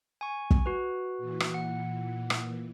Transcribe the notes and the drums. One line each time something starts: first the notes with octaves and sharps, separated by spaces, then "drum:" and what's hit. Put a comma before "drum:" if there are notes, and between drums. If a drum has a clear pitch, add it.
G#5 C#6
drum: kick
F#4 B4
A#2 E3
drum: rim click
F#5
drum: rim click